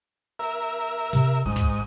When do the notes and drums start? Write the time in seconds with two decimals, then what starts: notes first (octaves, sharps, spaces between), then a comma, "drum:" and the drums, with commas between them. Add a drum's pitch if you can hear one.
0.39 A#4 E5
1.13 C3, drum: open hi-hat
1.46 G#2 F4 D#6
1.56 drum: kick